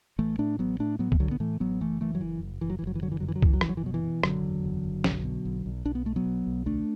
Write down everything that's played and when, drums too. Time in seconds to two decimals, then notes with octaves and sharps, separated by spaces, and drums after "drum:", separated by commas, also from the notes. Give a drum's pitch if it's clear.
0.18 A1 E3 A3
0.38 A2 A3 D4
0.59 A1 F#3 B3
0.79 A2 A3 D4
0.99 A2 F#3 B3
1.12 E3, drum: kick C2
1.19 A1 D3 F#3
1.31 B3
1.40 A2 E3 A3
1.60 A1 F#3 B3
1.80 F#1 E3 A3
2.01 F#2 E3 A3
2.15 F#3
2.21 F#1 E3
2.42 F#1
2.61 F#1 E3
2.70 F#3
2.79 E3
2.82 F#1
2.87 F#3
2.95 E3
3.02 D3 F#3
3.12 E3
3.20 F#2 F#3
3.28 E3
3.36 F#3
3.42 F#1 E3, drum: kick C2
3.53 F#3
3.61 F#1 E3, drum: rim click
3.69 F#3
3.77 E3
3.83 B2 F#3
3.94 E3
4.04 B2
4.23 F#1 D3 F#3, drum: rim click
4.43 E2
4.64 F#1
4.84 F#1
5.04 B1, drum: snare
5.24 B2
5.45 B1
5.66 B1
5.85 B1 D4
5.95 B3
6.05 B2 A3
6.16 F#3 B3
6.26 B1
6.47 B1
6.66 D2 A3 D4